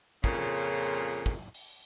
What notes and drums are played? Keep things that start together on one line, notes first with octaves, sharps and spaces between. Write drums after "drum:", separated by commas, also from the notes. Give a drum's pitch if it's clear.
F2 A#2 C#3, drum: kick
drum: kick
drum: open hi-hat